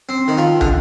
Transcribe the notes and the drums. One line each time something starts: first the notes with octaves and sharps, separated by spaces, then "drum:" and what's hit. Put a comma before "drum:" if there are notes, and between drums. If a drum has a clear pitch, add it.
C4
D#3
F3
D3, drum: tom